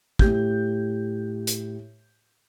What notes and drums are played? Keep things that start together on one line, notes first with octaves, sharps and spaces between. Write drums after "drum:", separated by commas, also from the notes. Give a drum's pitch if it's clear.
A2 G4 G6, drum: kick
drum: hi-hat